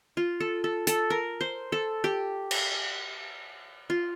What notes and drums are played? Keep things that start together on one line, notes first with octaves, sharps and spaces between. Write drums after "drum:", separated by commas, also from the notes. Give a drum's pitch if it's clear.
F4
A4
A4
A4, drum: hi-hat
A#4
C5
A4
G4
drum: cymbal
F4